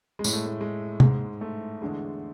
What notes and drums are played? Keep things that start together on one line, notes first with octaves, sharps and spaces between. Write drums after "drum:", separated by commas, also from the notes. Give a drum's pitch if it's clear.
G#3
A2, drum: tambourine
A3
A3
G#3
G#2 G#3, drum: tom
A3
E2 D3 G#3